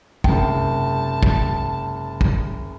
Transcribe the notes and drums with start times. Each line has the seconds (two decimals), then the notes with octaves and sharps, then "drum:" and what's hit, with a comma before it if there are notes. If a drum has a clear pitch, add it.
0.24 F#1 G#2 C3 G5 A5, drum: kick
1.23 drum: kick
2.21 drum: kick